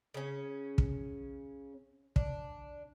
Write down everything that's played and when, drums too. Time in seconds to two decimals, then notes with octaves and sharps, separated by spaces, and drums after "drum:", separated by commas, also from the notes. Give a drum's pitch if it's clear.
0.14 C#3 C#4
0.78 drum: kick
2.16 D4, drum: kick